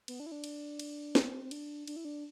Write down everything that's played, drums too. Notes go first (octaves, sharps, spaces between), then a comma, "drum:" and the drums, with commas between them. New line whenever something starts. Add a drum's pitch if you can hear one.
B3, drum: cymbal
D4
E4
D4
drum: cymbal
drum: cymbal
C4, drum: snare
D4, drum: cymbal
D4, drum: cymbal
E4
D4